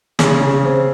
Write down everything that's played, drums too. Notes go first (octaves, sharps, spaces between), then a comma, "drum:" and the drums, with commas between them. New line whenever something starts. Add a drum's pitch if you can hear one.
C#3, drum: snare
C#3
C4